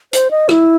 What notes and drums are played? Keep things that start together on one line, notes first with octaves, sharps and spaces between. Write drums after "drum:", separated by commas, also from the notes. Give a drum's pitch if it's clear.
C5, drum: hi-hat
D#5
E4, drum: rim click